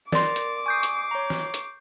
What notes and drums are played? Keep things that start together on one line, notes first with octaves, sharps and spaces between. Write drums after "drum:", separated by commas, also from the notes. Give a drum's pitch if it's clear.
A#4 D5 C6 D6 A6 C7, drum: snare
drum: hi-hat
G#5 C#6 D#6 G6 C7
drum: hi-hat
C#5 A#5
drum: snare
drum: hi-hat